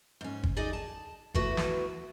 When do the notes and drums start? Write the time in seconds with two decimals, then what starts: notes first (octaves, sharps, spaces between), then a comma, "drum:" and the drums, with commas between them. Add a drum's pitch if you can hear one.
0.21 G#2 C#4
0.43 drum: kick G1
0.56 D#4 G#4 D5 D#5
0.73 A5
1.34 E3 A3 B3 E4 F#4 B4, drum: kick G1
1.57 drum: snare